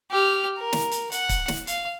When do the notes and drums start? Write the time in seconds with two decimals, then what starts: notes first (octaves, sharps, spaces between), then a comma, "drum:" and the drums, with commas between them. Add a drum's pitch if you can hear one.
0.11 G4 F6
0.57 A#4
0.73 drum: snare
0.91 drum: hi-hat
1.12 F#5, drum: hi-hat
1.29 drum: kick C#1, hi-hat
1.48 drum: snare
1.67 F5, drum: hi-hat